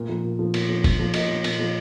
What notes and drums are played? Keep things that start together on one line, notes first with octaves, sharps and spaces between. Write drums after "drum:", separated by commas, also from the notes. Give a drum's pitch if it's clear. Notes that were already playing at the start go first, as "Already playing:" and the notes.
Already playing: A#2
F3
A#2
F3
A#2, drum: cymbal
F3
A#2, drum: kick, cymbal
F3
A#2 D#5, drum: cymbal
F3
A#2, drum: cymbal
F3